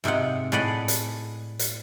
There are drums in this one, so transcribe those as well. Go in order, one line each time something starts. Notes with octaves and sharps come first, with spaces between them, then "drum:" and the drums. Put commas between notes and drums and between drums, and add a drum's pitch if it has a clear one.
G#2 C3 D#4 F4 F#5
A2 G#4 D5 D#5 F#5 B5
drum: hi-hat
drum: hi-hat